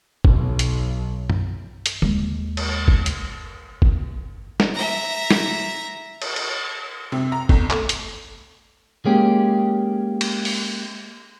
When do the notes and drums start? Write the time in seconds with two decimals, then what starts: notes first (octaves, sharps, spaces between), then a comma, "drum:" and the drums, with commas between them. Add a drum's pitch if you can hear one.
0.25 B1, drum: kick G1
0.59 drum: hi-hat
1.30 drum: tom F#2
1.86 drum: hi-hat
2.02 D#2 G#3, drum: tom D3
2.57 drum: cymbal
2.88 drum: kick G1
3.06 drum: hi-hat
3.82 drum: kick G1
4.60 drum: snare
4.74 E5 A#5
5.31 drum: snare
6.22 drum: cymbal
6.36 drum: cymbal
7.12 C3
7.32 A#5
7.49 G1, drum: kick G1
7.70 A3, drum: clap
7.89 drum: hi-hat
9.05 G#3 A#3 C#4 G4
10.21 drum: cymbal
10.45 drum: open hi-hat